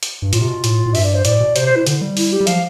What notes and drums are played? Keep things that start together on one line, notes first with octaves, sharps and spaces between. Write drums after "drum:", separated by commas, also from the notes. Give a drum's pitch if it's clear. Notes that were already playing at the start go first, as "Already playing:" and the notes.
drum: hi-hat
G2
A2 F4, drum: hi-hat
C3
B2
A2, drum: hi-hat
A2
G2 E5, drum: open hi-hat
D5
C5
A2 D5, drum: hi-hat
B2
C3 C5, drum: hi-hat
B2 C5
E4
D3, drum: hi-hat
G3
E4, drum: open hi-hat
G4
G3
F3 F5, drum: hi-hat